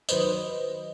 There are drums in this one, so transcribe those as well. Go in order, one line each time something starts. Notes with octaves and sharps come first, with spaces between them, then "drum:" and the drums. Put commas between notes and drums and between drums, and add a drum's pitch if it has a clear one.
D#3 F#3 B4 C5 D#5, drum: tambourine